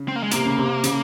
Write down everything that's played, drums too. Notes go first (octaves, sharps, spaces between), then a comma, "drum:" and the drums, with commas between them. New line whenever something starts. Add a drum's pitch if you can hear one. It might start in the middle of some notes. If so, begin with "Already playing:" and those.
Already playing: C#3
C4
A#3
G#3
C3 A#3, drum: hi-hat
C#3
C3
C#3, drum: hi-hat